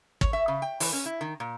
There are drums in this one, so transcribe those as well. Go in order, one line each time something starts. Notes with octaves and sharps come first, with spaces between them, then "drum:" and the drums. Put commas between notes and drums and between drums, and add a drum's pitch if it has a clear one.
C#5, drum: kick
E5
C#3
G5
E3, drum: open hi-hat
C#4
E4
D#3
A#2